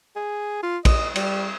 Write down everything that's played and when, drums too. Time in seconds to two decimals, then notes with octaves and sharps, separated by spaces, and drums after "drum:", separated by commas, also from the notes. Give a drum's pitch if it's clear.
0.16 G#4
0.63 F4
0.85 D#5, drum: kick, cymbal
1.16 G3, drum: cymbal